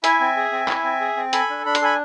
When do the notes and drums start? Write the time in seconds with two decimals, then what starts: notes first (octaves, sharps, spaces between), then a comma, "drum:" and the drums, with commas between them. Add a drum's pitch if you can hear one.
0.04 E4 E5 G#5, drum: hi-hat
0.21 C4
0.37 G#4
0.52 C4
0.68 E4, drum: clap
0.84 C4
1.01 G#4
1.17 C4
1.33 A4 G#5 B5, drum: hi-hat
1.50 D4
1.65 D4 B5
1.75 C6, drum: hi-hat
1.82 A4 G#5 B5